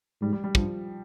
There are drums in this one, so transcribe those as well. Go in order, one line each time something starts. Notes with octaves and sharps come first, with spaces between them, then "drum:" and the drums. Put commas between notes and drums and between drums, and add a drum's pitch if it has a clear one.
G#2 G3
G3
G3
G2 F3, drum: kick